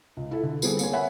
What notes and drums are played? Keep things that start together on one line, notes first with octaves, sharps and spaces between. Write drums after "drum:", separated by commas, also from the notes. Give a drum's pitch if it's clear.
C#2
E4 A4
D3
G3 B3 C4 G#4 A4, drum: tambourine
A#3 C#5 G#5, drum: tambourine
C#5 E5 F#5 G#5 B5